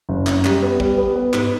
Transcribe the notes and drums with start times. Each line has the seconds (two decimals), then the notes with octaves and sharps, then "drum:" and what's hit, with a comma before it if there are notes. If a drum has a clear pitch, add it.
0.09 F#1
0.27 F#2, drum: clap
0.45 G3, drum: clap
0.63 B3
0.80 G3, drum: kick
0.98 B3
1.16 B3
1.33 G#2, drum: clap